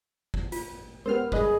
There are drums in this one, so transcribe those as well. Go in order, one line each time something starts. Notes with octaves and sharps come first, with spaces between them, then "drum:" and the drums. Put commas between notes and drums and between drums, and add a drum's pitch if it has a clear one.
drum: kick
F4, drum: hi-hat
G#3 B3 C#4 G4 A#4 C5 F6
G#2 G3 D4 G#4 B4 D#5, drum: kick